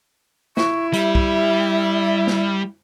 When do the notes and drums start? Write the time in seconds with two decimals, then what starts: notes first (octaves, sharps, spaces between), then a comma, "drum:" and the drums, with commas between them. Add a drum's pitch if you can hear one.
0.57 E4 C#6, drum: snare
0.93 G3 E5, drum: hi-hat
1.15 drum: kick
2.27 drum: snare